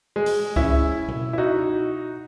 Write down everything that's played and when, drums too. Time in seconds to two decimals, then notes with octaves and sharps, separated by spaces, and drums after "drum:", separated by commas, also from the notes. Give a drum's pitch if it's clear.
0.16 G#3
0.26 drum: open hi-hat
0.56 C#4 E4, drum: kick C#2
1.08 drum: tom B2
1.33 E4
1.38 D#4 F#4